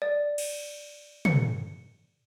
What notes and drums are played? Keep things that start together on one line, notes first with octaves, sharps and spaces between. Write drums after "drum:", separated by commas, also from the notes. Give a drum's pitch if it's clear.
D5
drum: cymbal
C#7, drum: tom